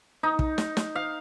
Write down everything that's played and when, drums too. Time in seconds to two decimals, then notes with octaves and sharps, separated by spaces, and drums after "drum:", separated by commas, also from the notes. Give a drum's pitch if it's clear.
0.23 D#4
0.39 drum: kick
0.58 drum: snare
0.77 drum: snare
0.95 F5